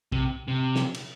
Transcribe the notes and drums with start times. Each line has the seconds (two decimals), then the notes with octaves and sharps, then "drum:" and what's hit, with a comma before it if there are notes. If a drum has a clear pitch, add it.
0.12 C3, drum: kick B1
0.48 C3
0.75 drum: snare
0.94 drum: cymbal